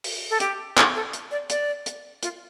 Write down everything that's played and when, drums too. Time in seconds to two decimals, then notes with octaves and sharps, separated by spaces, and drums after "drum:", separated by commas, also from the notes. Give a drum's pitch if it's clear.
0.04 drum: open hi-hat
0.30 A4
0.40 G4, drum: hi-hat
0.77 A4, drum: clap
0.95 A4
1.13 drum: hi-hat
1.31 D5
1.50 D5, drum: hi-hat
1.86 drum: hi-hat
2.23 F4, drum: hi-hat